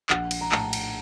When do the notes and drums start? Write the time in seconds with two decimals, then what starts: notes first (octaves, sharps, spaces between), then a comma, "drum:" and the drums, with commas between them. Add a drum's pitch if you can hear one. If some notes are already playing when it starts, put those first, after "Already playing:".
0.10 A#1 F#5, drum: clap
0.31 drum: cymbal
0.41 A#5
0.52 A2 A3 A5, drum: clap
0.73 drum: cymbal